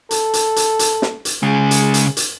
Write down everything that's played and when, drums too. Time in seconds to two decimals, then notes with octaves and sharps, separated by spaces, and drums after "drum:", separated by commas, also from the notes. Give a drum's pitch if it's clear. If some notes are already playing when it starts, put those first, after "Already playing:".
0.11 A4, drum: hi-hat
0.33 drum: hi-hat
0.56 drum: hi-hat
0.79 drum: hi-hat
1.02 drum: snare
1.25 drum: hi-hat
1.43 C#3 G#3 G#4
1.71 drum: hi-hat
1.94 drum: hi-hat
2.17 drum: hi-hat